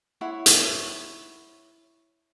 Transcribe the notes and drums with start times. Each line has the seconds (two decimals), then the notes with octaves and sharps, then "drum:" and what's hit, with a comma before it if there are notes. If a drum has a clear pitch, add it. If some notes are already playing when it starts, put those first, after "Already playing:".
0.21 E4 C#5 F#5 C6
0.46 drum: hi-hat